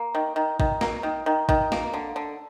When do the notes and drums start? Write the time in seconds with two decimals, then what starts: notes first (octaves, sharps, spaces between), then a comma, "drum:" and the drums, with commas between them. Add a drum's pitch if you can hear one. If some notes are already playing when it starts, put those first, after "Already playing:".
Already playing: A#3
0.15 D#3
0.36 D#3
0.60 D#3, drum: kick A1
0.81 A#3, drum: snare
1.03 D#3
1.26 D#3
1.49 D#3, drum: kick A1
1.72 A#3, drum: snare
1.93 D3
2.16 D3